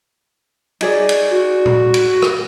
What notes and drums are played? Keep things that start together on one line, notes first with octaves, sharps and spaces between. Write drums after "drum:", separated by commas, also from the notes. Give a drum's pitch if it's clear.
D#4 G#4 D5, drum: cymbal
drum: cymbal
F#4
drum: tom A#2
drum: cymbal
drum: rim click